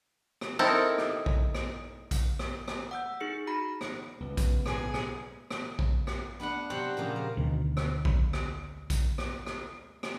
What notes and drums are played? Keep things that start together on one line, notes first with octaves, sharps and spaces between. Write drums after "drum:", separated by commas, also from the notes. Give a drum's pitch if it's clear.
drum: rim click
C4 D#4 E4 A4 A#4
drum: rim click
drum: kick A#1
drum: rim click
drum: kick A#1, hi-hat
drum: rim click
drum: rim click
F#5 E6 G6
D#4 G#4 C#7
D#4 F#4 G#4 A#5 B5 A#6
drum: rim click
C#2 B3
drum: kick A#1, hi-hat
B1 A2 D3 G#4, drum: rim click
drum: rim click
drum: rim click
drum: kick A#1
drum: rim click
B3 D4 B4 F#5
C3 F#3 C4 F#4 G4 F#5
A#2 C#3 F3
A#4
D2 B2 D#3
drum: rim click
drum: kick A#1
drum: rim click
drum: kick A#1, hi-hat
drum: rim click
drum: rim click
drum: rim click